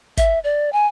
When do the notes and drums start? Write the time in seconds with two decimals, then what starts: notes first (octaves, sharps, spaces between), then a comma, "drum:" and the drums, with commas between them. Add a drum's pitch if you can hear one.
0.17 E5, drum: kick, hi-hat
0.44 D5
0.73 G#5